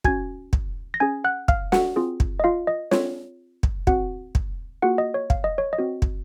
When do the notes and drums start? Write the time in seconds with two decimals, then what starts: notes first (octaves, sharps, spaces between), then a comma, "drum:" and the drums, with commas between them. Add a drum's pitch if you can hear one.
0.04 C#4 F#4 G#5 G#6, drum: kick
0.53 drum: kick
0.94 A#6
1.00 C#4 G#4 G#5 G#6
1.24 F#5 F#6
1.48 F5 F6, drum: kick
1.72 F#4 F#5, drum: snare
1.96 C4 F4 G#4
2.20 drum: kick
2.40 D#5
2.44 F4 F5
2.67 D#5
2.91 C4 F4 G#4 C#5, drum: snare
3.63 drum: kick
3.87 C4 F#4 F#5, drum: kick
4.35 drum: kick
4.82 A#3 F4 F#4 G#4 F#5
4.98 D#5
5.14 C#5
5.30 F5, drum: kick
5.44 D#5
5.58 C#5
5.73 D#5
5.78 C4 F#4
6.02 drum: kick